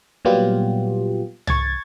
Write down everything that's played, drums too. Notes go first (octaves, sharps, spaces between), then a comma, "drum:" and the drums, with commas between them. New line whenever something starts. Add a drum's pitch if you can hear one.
A#2 F#3 G3 B3 F4 G4
C#6 G#6 A6, drum: tom C2